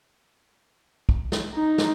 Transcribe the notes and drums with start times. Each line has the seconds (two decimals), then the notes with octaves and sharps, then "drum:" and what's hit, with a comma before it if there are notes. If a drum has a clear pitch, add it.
1.09 drum: kick
1.32 drum: snare
1.55 D#4
1.78 drum: snare